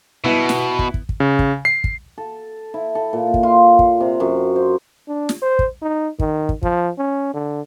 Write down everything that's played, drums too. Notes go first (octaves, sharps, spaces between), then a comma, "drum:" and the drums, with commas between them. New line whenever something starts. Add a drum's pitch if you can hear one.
B2 B3 E4
drum: snare
drum: kick
drum: kick
drum: kick
C#3
drum: kick
C7
drum: kick
A4
E4
A4
A#2
drum: kick
F4
drum: kick
C3
F#2
C5
D4
drum: snare
C5
drum: kick
D#4
D#3, drum: kick
drum: kick
F3, drum: kick
C#4
D3